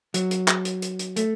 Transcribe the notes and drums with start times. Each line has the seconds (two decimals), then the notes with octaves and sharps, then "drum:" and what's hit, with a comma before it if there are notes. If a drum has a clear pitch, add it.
0.14 F#3, drum: hi-hat
0.31 drum: hi-hat
0.48 drum: clap
0.65 drum: hi-hat
0.82 drum: hi-hat
0.99 drum: hi-hat
1.16 A3, drum: hi-hat